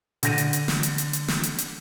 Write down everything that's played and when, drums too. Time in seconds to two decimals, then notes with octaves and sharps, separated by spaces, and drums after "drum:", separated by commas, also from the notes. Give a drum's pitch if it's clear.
0.23 D3 A#6 D#7, drum: hi-hat
0.38 drum: hi-hat
0.53 drum: hi-hat
0.68 drum: snare
0.83 drum: hi-hat
0.98 drum: hi-hat
1.13 drum: hi-hat
1.28 drum: snare
1.43 drum: hi-hat
1.58 drum: hi-hat